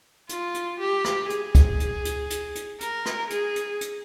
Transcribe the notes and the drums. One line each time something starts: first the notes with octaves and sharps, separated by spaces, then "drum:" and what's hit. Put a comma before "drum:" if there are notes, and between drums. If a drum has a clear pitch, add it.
F4, drum: hi-hat
drum: hi-hat
G4
drum: rim click
G#4, drum: hi-hat
drum: kick, hi-hat
drum: hi-hat
drum: hi-hat
drum: hi-hat
drum: hi-hat
A#4, drum: hi-hat
drum: rim click
G#4, drum: hi-hat
drum: hi-hat
drum: hi-hat